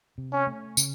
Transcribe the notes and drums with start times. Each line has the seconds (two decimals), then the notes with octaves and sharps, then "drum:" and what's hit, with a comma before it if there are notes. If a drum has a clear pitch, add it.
0.18 C3
0.33 C#4
0.47 A3
0.77 C#3, drum: tambourine